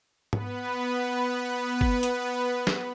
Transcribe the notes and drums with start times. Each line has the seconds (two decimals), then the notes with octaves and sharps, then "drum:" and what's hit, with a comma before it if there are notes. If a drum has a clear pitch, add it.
0.33 B3 B4, drum: tom G#2
1.81 drum: kick G1
2.03 drum: hi-hat
2.67 drum: snare